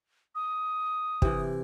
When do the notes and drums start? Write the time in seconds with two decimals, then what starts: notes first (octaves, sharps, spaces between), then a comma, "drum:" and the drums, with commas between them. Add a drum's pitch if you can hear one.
0.35 D#6
1.22 C3 E3, drum: kick